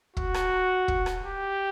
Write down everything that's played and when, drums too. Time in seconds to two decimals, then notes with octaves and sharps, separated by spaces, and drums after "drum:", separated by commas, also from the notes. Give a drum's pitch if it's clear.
0.17 F#4, drum: kick
0.34 drum: rim click
0.88 drum: kick
1.06 drum: rim click
1.24 G4